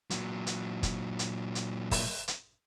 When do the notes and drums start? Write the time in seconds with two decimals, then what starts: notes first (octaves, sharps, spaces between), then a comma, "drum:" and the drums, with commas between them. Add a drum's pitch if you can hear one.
0.10 A#2 F#3, drum: hi-hat
0.47 drum: hi-hat
0.83 drum: kick, hi-hat
1.19 drum: hi-hat
1.55 drum: hi-hat
1.91 drum: kick, open hi-hat
2.28 drum: hi-hat